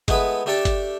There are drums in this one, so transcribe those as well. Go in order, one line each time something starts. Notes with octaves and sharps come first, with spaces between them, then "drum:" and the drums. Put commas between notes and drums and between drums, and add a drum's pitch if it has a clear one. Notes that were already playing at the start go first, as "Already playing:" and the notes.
G#3 A3 B3 E4 G#4 B4, drum: kick, hi-hat
A3 D4 G4 A4 G5 A5
drum: kick, hi-hat